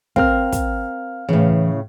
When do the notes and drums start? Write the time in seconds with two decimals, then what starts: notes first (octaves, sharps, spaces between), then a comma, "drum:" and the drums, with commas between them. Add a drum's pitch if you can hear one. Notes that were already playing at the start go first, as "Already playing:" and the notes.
0.16 C4 A#4 F5 F6, drum: kick
0.52 drum: kick, hi-hat
1.29 A2 C#3 E3